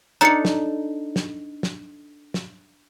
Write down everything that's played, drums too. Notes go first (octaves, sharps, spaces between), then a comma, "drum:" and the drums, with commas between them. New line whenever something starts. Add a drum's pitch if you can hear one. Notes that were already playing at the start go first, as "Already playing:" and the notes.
D4 D#4 A4 A#5 C#7
drum: snare
drum: snare
drum: snare
drum: snare